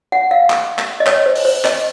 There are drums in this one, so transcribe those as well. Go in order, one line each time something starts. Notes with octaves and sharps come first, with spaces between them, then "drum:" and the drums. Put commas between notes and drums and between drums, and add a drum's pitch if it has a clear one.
F#5
F5
drum: clap
drum: clap
D#5
C#5, drum: clap
C5
drum: open hi-hat
C5
D#5, drum: clap